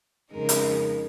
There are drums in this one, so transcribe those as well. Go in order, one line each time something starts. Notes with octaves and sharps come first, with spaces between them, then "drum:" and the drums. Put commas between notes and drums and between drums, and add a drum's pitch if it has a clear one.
F2 C#3 G#3 D#4 A#4
drum: hi-hat